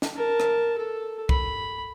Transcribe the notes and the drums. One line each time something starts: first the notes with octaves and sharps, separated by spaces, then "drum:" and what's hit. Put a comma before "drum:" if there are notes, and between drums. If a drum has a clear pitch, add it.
drum: snare D4
A#4 A5
drum: rim click
A4
B5, drum: kick